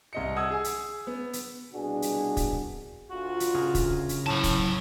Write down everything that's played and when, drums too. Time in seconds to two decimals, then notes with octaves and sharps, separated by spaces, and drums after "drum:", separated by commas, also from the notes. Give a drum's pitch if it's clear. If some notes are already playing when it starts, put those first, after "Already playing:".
0.13 C2 D#5 C#7
0.36 F#5 D#6 E6 G#6
0.51 G#4 G#5
0.64 drum: hi-hat
1.07 B3
1.33 drum: hi-hat
1.74 C2 B2 D4 F#4 G#4
2.02 drum: hi-hat
2.37 drum: kick, hi-hat
3.10 D2 F4 F#4
3.40 drum: hi-hat
3.55 C#3 G#4 A#4
3.75 drum: kick, hi-hat
4.09 drum: hi-hat
4.27 A2 F#3 A5
4.44 drum: kick, hi-hat